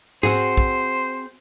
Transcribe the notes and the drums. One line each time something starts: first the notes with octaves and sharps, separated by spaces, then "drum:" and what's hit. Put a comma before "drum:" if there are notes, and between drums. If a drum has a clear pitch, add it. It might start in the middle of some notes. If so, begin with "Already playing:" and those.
C4 F#4 G#4 C5, drum: tom G#2
drum: kick